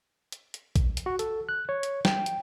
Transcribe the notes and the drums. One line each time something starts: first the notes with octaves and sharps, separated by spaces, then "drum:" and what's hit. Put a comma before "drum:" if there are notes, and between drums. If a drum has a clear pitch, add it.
drum: hi-hat
drum: hi-hat
drum: kick A#1, hi-hat
drum: hi-hat
F#4
A4, drum: hi-hat
F#6
C#5
drum: hi-hat
G5, drum: snare
drum: hi-hat